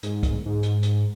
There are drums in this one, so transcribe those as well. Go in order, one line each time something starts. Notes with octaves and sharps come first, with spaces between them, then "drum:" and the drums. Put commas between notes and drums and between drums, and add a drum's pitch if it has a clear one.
G#2, drum: hi-hat
drum: kick C2, hi-hat
G#2
drum: hi-hat
drum: hi-hat